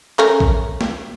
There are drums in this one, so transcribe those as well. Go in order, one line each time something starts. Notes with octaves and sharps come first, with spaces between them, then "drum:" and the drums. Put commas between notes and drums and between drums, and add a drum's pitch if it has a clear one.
A3 C#4 A#4, drum: clap
drum: kick A#1
drum: snare